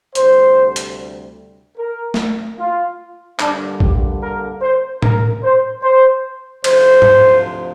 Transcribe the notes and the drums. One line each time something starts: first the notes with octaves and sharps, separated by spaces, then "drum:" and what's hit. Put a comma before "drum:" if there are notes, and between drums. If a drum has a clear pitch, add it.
D2 C3 G3 C5, drum: hi-hat
drum: hi-hat
A#4
drum: snare
F4
G2 D3 A#3 D4, drum: clap
G4, drum: kick A#1
A#4
C5
A#4, drum: tom A2
C5
C5
D2 C3 F3 C5, drum: cymbal
drum: tom G#2